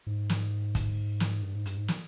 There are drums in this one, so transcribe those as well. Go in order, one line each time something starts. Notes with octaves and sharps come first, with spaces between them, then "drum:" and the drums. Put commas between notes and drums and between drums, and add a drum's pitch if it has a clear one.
G#2
drum: snare
drum: kick, hi-hat
drum: snare
G2
G#2
G2, drum: hi-hat
G#2
drum: snare